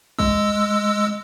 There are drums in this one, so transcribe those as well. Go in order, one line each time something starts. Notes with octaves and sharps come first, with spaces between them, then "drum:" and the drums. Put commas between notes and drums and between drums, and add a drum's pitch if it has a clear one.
G#3 E6, drum: kick